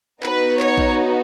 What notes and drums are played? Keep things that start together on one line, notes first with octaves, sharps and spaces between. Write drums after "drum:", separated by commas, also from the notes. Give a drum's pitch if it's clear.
B3 D#4 F#4 B4, drum: clap
C#5, drum: clap
drum: kick A#1